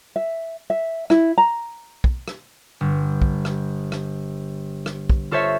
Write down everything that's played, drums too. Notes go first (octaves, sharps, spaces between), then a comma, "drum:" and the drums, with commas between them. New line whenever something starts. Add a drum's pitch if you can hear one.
E5
E5
E4, drum: rim click
A#5
drum: kick
drum: rim click
G1
drum: kick
drum: rim click
drum: rim click
drum: rim click
drum: kick
F4 A4 C5 C#5 E5